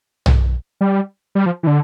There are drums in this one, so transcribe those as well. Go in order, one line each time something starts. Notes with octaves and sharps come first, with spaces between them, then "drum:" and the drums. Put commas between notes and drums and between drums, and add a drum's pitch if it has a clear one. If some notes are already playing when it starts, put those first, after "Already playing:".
drum: tom B1
G3
G3
F3
E3
D3